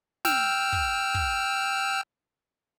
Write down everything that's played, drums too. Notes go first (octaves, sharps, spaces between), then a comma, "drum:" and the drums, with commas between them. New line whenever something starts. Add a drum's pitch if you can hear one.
G5 E6 F6, drum: snare
drum: kick
drum: kick